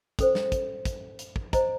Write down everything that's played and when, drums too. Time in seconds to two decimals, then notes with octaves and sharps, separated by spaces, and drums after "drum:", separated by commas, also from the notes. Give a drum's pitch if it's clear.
0.19 C#4 A4 C5, drum: kick, hi-hat
0.35 drum: snare
0.52 drum: kick, hi-hat
0.85 drum: kick, hi-hat
1.19 drum: hi-hat
1.36 drum: kick
1.53 C5 D#5 A#5, drum: kick, hi-hat